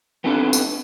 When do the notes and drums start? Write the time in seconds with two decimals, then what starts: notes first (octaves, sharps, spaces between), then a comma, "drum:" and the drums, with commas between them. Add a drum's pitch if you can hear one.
0.24 B3 C4 D4 D#4 A4 B4
0.53 drum: tambourine